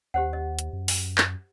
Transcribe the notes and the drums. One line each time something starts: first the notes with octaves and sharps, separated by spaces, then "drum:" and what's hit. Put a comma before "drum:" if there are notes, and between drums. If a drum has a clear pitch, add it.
D#2 G4 C5 F#5
D#5
drum: hi-hat
F#2
drum: open hi-hat
drum: clap